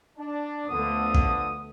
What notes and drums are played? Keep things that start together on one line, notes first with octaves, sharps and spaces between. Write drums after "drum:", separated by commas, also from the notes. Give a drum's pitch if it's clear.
D4
D2 D3 F3 A3 B3 D#6
drum: kick